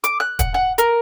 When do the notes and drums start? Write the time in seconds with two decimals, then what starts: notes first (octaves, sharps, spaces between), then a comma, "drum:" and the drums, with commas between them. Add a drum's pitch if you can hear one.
0.04 D6, drum: hi-hat
0.20 F#6
0.39 F#5, drum: kick, hi-hat
0.54 F#5
0.78 A#4, drum: hi-hat